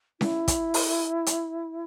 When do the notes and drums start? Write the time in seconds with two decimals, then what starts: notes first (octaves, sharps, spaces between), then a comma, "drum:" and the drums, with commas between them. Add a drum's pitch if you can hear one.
0.21 E4, drum: snare C#4
0.48 drum: kick, hi-hat
0.74 drum: open hi-hat
1.26 drum: hi-hat